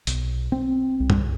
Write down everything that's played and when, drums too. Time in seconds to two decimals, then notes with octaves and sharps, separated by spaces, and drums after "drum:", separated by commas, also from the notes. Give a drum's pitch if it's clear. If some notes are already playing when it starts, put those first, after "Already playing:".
0.07 B1, drum: hi-hat
0.52 C4
1.00 C2
1.10 drum: tom